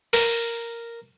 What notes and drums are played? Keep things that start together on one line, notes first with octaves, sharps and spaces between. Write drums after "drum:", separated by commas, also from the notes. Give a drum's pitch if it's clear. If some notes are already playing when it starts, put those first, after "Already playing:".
A#4, drum: open hi-hat